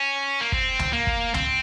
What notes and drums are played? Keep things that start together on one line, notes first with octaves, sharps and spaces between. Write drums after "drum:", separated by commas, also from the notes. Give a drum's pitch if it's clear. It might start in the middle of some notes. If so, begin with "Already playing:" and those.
Already playing: C#4
A#3
C4, drum: kick
drum: tom C#2
A#3
drum: kick
C4, drum: tom C#2